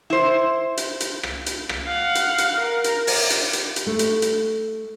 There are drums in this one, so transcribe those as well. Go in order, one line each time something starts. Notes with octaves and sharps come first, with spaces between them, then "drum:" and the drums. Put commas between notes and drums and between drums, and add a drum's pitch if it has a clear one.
E4 C5
drum: hi-hat
drum: hi-hat
drum: rim click
drum: hi-hat
drum: rim click
F5 F#5
drum: hi-hat
drum: hi-hat
A#4
drum: hi-hat
drum: open hi-hat
drum: hi-hat
drum: hi-hat
drum: hi-hat
A3
drum: hi-hat
drum: hi-hat